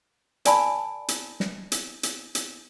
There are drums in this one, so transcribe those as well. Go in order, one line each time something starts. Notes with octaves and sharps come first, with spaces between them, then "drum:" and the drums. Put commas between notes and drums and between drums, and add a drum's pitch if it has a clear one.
A#4 D5 G#5 A5 B5, drum: hi-hat
drum: hi-hat
drum: snare
drum: hi-hat
drum: hi-hat
drum: hi-hat